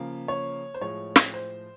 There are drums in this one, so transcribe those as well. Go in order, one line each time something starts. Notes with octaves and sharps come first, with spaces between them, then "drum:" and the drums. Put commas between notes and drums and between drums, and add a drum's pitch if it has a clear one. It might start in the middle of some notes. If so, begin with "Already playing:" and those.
Already playing: C#3 F3 A#3
C#5
C5
A2 F3 G#3 C#5
drum: snare
C5